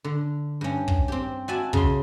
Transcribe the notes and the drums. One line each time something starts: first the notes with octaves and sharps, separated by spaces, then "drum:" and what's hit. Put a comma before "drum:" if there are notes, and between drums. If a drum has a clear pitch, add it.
D3
G2 C#4
drum: kick
C4 G4
F#4 D5 E5 G#5 A5
C#3 C6, drum: kick